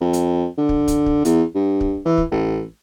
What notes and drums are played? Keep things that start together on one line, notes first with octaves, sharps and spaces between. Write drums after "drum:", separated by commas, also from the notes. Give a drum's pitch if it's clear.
F2
drum: hi-hat
D3
drum: kick
drum: kick, hi-hat
drum: kick
E2, drum: hi-hat
G2
drum: kick
E3
drum: kick
A1